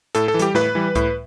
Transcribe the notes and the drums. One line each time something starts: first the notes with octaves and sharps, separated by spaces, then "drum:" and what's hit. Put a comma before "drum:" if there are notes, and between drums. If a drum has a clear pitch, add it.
A2 A4, drum: hi-hat
A4
E3
G3 G4, drum: hi-hat
A2 B4, drum: snare
E3 G3
A2, drum: kick C#2, hi-hat